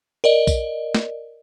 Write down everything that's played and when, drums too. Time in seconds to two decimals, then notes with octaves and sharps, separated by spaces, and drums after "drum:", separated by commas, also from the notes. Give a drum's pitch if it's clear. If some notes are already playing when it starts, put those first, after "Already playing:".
0.24 A#4 D5 D#5
0.47 drum: kick B1, tambourine
0.95 drum: snare